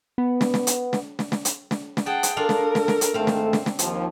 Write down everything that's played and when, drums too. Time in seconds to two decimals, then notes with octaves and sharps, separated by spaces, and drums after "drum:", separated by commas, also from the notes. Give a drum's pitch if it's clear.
0.18 B3
0.41 drum: snare
0.54 drum: snare
0.67 drum: hi-hat
0.93 drum: snare
1.19 drum: snare
1.32 drum: snare
1.45 drum: hi-hat
1.71 drum: snare
1.97 drum: snare
2.06 G#4 F#5 G5 A5
2.23 drum: hi-hat
2.37 D4 F4 A4 A#4 F5
2.49 drum: snare
2.75 drum: snare
2.88 drum: snare
3.01 drum: hi-hat
3.14 G#2 D#3 A3 C4 F5
3.27 drum: snare
3.53 drum: snare
3.66 drum: snare
3.79 D#2 F3, drum: hi-hat